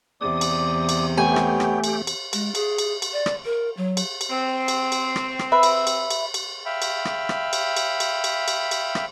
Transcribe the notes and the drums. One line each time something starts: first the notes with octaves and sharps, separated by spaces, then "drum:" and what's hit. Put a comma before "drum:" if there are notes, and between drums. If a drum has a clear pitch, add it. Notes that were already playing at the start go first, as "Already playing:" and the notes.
E2 C3 D5 D#6
drum: cymbal
drum: cymbal
A3 B3 G4 C#5 G5 G#5
drum: rim click
drum: rim click
drum: cymbal
drum: cymbal
G#3, drum: cymbal
G#4, drum: cymbal
drum: cymbal
drum: cymbal
D5
drum: rim click
A#4
F#3
drum: cymbal
drum: cymbal
C4
drum: cymbal
drum: cymbal
drum: rim click
drum: rim click
B4 E5
drum: cymbal
drum: cymbal
drum: cymbal
drum: cymbal
E5 F5 G5 B5
drum: cymbal
drum: rim click
drum: rim click
drum: cymbal
drum: cymbal
drum: cymbal
drum: cymbal
drum: cymbal
drum: cymbal
drum: rim click